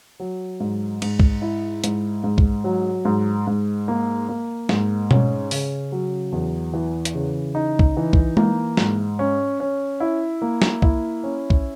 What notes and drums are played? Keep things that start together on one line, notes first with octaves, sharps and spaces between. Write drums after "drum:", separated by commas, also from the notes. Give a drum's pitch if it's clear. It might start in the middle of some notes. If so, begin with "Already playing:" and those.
F#3
G#2
G#2, drum: cymbal
drum: kick
E4
G#2, drum: hi-hat
G#2
drum: kick
F#3
G#2
G#2
A#3
A#3
G#2, drum: snare
C#4, drum: tom B2
C#3, drum: open hi-hat
F#3
E2
E3
drum: hi-hat
C#3
D#4
drum: kick
E3
drum: kick
A#3, drum: tom G#3
G#2, drum: snare
C#4
C#4
E4
A#3
drum: snare
E4, drum: kick
C#4
drum: kick